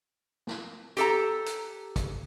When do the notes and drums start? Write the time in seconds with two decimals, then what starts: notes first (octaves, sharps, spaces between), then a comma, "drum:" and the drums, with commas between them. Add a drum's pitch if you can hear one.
0.47 drum: snare
0.97 G4 A4 A#5, drum: hi-hat
1.46 drum: hi-hat
1.96 drum: kick, hi-hat